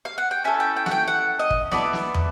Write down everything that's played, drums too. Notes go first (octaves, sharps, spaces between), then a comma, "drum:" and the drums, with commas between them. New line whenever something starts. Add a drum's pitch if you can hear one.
F5
F#5
G5
C#4 E4 A4 G#5
G5
G5
F#5, drum: snare
G5
F#5
D#5
drum: kick
B3 E4 A4 D5, drum: snare
drum: snare
drum: tom